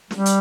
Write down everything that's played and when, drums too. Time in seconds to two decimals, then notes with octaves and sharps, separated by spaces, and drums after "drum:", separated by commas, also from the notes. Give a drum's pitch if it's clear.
0.11 G3, drum: snare
0.26 drum: hi-hat